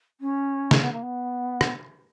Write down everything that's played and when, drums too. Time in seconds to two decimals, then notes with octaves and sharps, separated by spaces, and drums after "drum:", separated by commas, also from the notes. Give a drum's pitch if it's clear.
0.20 C#4
0.71 drum: snare
0.82 B3
0.92 A#3
1.02 B3
1.61 drum: rim click